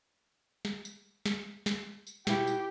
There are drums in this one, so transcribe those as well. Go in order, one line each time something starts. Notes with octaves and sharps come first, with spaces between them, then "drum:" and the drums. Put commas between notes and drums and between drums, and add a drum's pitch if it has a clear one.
drum: snare
drum: tambourine
drum: snare
drum: snare
drum: tambourine
B2 E4 G4, drum: snare
drum: tambourine